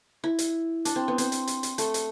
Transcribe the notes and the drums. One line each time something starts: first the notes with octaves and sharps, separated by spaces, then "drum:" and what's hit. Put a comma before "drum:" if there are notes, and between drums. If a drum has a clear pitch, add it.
E4
drum: hi-hat
D4, drum: hi-hat
C4
B3
C4, drum: hi-hat
drum: hi-hat
drum: hi-hat
drum: hi-hat
A3, drum: hi-hat
drum: hi-hat